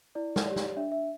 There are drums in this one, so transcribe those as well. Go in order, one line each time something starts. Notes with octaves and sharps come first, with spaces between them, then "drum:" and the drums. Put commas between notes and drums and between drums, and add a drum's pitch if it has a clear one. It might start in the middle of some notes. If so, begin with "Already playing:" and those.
E4 D5
drum: snare
G4 C#5 D5
drum: snare
D4 E5
E5